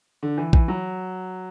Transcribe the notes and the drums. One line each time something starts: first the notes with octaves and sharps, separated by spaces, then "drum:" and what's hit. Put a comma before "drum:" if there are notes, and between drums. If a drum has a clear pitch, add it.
D3
E3
E3, drum: kick A#1
F#3